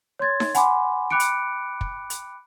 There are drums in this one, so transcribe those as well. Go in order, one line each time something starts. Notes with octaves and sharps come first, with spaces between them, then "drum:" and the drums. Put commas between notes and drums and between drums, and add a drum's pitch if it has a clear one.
C#5 C6 G#6 A6
drum: snare D#4
F#5 G#5 B5 C6 D6, drum: hi-hat
G5 B5 D6 F#6 C#7 D7
drum: hi-hat
drum: kick
drum: hi-hat